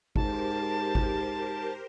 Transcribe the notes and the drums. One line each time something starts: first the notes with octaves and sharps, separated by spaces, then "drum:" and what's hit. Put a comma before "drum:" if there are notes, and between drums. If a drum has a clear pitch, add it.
G#2 G4 A#4 C5 A5, drum: kick G#1
drum: kick G#1